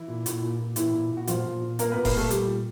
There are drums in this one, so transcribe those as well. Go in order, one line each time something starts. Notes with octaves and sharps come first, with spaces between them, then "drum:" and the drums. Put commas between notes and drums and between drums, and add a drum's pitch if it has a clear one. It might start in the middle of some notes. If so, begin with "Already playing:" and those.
Already playing: E3 E4
A#2
A#2, drum: hi-hat
A#2
A#2
A#2 E3 E4, drum: hi-hat
A#2
A#2
F#4
A#2 F3 F4, drum: hi-hat
A#2
A#2
A#2 A#3 A#4, drum: hi-hat
B3 B4
A#2
A#3 A#4, drum: kick F#1, open hi-hat
A#2 A3 A4
A#2 G3 G4, drum: hi-hat
A#2